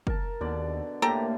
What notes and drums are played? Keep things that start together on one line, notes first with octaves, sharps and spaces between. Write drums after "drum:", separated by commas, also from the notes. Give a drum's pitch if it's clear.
A#4 A5, drum: kick
D#2 B2 D3 D5
A2 A#3 G4 A4 G5 A#5